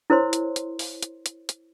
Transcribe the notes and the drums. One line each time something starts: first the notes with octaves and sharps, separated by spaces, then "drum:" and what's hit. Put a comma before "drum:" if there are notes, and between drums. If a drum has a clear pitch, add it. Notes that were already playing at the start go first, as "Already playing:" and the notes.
E4 A#4 C5 C#5 C6
drum: hi-hat
drum: hi-hat
drum: open hi-hat
drum: hi-hat
drum: hi-hat
drum: hi-hat